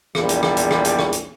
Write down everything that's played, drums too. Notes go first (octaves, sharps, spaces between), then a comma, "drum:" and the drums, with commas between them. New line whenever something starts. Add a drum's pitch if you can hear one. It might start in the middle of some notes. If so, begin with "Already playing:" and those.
A#1 E2 G3, drum: rim click
drum: hi-hat
drum: rim click
drum: hi-hat
drum: rim click
drum: hi-hat
drum: rim click
drum: hi-hat